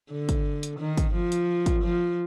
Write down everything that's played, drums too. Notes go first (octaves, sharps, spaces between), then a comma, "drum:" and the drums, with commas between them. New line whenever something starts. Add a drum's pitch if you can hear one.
D3
drum: kick, hi-hat
drum: hi-hat
D#3
drum: kick, hi-hat
F3
drum: hi-hat
drum: kick, hi-hat
F3